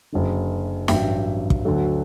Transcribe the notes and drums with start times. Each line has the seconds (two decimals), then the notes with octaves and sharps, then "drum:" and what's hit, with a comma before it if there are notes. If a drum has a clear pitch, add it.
0.12 F#1 F#2 D3
0.88 A1 G2 F#3 E5 G5, drum: snare
1.50 drum: kick
1.65 D2 D3 F#3 F#4 A4